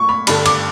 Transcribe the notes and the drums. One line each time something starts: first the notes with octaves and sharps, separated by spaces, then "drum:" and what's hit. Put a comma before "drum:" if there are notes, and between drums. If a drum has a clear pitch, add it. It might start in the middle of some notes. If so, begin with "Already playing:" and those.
Already playing: A#2 C#6
B5
G2 D3 B5, drum: cymbal
D6, drum: cymbal